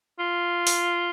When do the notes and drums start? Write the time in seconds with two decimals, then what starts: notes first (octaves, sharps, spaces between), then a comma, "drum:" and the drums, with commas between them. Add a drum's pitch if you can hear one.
0.19 F4
0.67 drum: open hi-hat